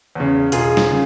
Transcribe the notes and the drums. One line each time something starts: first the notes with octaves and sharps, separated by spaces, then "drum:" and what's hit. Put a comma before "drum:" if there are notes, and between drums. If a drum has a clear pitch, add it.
E2 C#3
E1 F4 G#4, drum: hi-hat
drum: snare
C#3